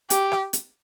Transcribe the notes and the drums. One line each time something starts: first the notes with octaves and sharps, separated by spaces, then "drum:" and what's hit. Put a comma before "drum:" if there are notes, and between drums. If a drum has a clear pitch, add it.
G4, drum: hi-hat
drum: rim click
drum: hi-hat